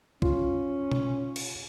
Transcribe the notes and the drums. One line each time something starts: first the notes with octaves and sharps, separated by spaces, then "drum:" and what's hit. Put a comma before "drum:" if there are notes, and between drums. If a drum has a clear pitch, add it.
C#4 F4, drum: kick
drum: tom B2
drum: cymbal